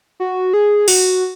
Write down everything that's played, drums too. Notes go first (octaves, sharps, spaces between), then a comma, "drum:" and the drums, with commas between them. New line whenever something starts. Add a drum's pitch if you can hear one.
F#4
G#4
F#4, drum: open hi-hat